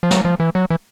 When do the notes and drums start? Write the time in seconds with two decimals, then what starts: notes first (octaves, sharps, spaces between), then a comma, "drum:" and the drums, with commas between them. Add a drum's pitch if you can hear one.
0.03 F3
0.11 F#3, drum: snare
0.25 F3
0.40 E3
0.55 F#3
0.70 E3